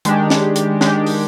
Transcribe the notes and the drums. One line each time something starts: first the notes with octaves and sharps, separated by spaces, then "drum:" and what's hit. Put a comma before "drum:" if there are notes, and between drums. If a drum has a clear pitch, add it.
D#3 G#3 D4 G4, drum: hi-hat
drum: snare
drum: hi-hat
D#3 G#3 D4 G4, drum: snare
drum: open hi-hat